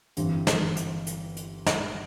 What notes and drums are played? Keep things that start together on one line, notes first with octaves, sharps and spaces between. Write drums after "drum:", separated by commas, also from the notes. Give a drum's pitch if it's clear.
G1 G2 E3 G3 C4, drum: hi-hat
drum: snare
drum: hi-hat
drum: hi-hat
drum: hi-hat
drum: snare